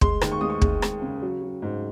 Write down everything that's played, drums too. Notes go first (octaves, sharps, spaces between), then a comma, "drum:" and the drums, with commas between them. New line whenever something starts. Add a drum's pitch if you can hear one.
G#3 C6, drum: kick
D#2, drum: rim click
C#6
G#3 D#6
C#6
G#3, drum: kick
G#3, drum: rim click
C#3
F#3
F#3
G#2